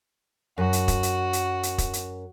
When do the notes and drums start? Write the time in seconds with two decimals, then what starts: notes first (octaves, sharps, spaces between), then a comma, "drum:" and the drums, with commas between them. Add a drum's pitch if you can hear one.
0.58 F#2 F#4
0.73 drum: hi-hat
0.88 drum: kick, hi-hat
1.03 drum: hi-hat
1.33 drum: hi-hat
1.63 drum: hi-hat
1.78 drum: kick, hi-hat
1.93 drum: hi-hat